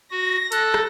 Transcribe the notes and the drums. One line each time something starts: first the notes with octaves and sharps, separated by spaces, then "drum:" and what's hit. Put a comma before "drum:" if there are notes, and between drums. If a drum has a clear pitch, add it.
F#4 A#6
A4 F#6, drum: hi-hat
drum: rim click